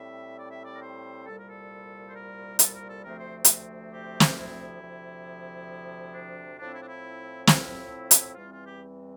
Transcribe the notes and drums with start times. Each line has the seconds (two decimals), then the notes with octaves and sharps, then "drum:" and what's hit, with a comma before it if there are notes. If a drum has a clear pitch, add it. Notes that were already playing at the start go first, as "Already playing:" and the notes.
Already playing: A2 G3 C4 E5
0.38 D5
0.51 E5
0.64 D5
0.75 A#4
0.81 C5
1.26 C2 A#2 G3 A4
1.36 A#4
1.48 A4
2.09 C5
2.15 A#4
2.59 A4, drum: hi-hat
2.73 A#4
2.89 A4
3.03 D2 C3 F3 A3 C4 A#4
3.18 C5
3.45 drum: hi-hat
3.92 G4
4.20 drum: snare
4.37 E4
4.80 D2 C3 F3
6.14 D4
6.59 A2 F3 C4 D4
6.73 E4
6.81 D4
6.88 E4
7.47 E4, drum: snare
8.11 drum: hi-hat
8.35 E2 E3 G3 C4 F4
8.50 F4
8.65 G4